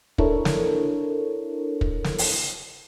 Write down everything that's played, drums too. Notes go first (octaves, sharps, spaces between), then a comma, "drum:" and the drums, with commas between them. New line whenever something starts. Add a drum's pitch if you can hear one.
D4 E4 A4 A#4 C#5, drum: kick
drum: snare
drum: kick
drum: snare
drum: open hi-hat